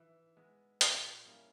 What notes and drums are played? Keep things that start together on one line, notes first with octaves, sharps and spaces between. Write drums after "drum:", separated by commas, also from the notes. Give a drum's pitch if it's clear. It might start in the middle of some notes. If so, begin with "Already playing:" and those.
Already playing: E3 E5
G#3 B3
A#2, drum: hi-hat
G3 A#3 C#4 E4